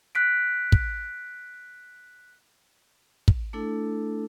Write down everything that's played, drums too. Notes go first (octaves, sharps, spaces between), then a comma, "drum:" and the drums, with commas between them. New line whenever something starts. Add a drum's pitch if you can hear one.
F#6 B6 D7
drum: kick
drum: kick
A3 D4 E4 A4